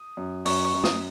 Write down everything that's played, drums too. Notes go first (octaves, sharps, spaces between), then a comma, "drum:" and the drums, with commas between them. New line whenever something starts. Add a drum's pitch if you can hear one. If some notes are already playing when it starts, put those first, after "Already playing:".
Already playing: D#6
F#2
F#2 C#6, drum: open hi-hat
C#6
F#2
D#6, drum: snare